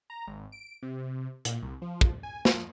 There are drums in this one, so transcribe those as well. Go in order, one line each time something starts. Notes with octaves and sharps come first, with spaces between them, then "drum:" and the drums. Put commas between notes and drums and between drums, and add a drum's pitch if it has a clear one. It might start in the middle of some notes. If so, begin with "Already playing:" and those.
A#5
G#1
D7
C3
A#2, drum: hi-hat
C2
F3
drum: kick
G#5
F3, drum: snare